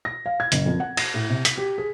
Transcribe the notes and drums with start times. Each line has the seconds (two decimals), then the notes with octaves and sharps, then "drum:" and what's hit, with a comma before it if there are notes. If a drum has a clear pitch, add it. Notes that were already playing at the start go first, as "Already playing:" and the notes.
0.05 A#6
0.26 F5
0.40 G#6
0.52 F#1, drum: hi-hat
0.66 F2
0.80 F#5
0.97 A#6, drum: cymbal
1.14 A2
1.30 C3
1.45 B6, drum: hi-hat
1.58 G4
1.78 G#4